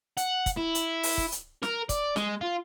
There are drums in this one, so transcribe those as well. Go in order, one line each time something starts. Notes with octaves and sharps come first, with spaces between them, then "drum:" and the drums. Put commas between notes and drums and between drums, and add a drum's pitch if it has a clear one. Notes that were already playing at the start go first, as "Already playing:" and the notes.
F#5, drum: hi-hat
drum: kick, hi-hat
E4
drum: hi-hat
drum: open hi-hat
drum: kick
drum: hi-hat
A#4, drum: snare
D5, drum: kick, hi-hat
G#3, drum: snare
F4